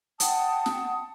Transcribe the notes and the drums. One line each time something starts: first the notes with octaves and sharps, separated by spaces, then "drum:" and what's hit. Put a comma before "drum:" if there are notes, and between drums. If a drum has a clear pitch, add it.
F#5 G5 A5 D#6, drum: hi-hat
drum: snare